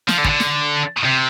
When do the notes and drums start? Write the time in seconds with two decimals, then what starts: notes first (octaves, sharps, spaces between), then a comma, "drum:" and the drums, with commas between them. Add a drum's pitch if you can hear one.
0.08 F3, drum: snare
0.19 D3
0.24 C#3, drum: kick
0.29 D3
0.40 drum: snare
1.04 C3